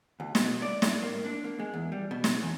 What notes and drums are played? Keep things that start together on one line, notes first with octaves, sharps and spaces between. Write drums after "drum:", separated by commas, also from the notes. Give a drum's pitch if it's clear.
D2
B2, drum: snare
D5
A2, drum: snare
A#3
D4
A#3
G#3
E2
G3
B2
drum: snare
E2